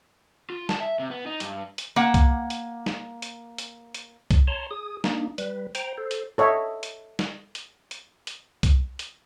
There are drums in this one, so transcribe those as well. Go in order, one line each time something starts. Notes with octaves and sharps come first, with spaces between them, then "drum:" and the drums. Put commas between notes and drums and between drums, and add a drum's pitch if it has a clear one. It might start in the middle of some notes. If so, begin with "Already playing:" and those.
F4
A5, drum: snare
E5
C3
B3
D#4
G2, drum: hi-hat
drum: hi-hat
A#3 F#5
drum: kick C2, hi-hat
drum: hi-hat
drum: snare
drum: hi-hat
drum: hi-hat
drum: hi-hat
drum: kick C2, hi-hat
C#5 A5 A#5 C6
G#4 D#6
A#3 D4 D#4, drum: snare
G3 B4, drum: hi-hat
C5 G5 A#5, drum: hi-hat
A4 C5
drum: hi-hat
A4 C#5 D#5 E5
drum: hi-hat
drum: snare
drum: hi-hat
drum: hi-hat
drum: hi-hat
drum: kick C2, hi-hat
drum: hi-hat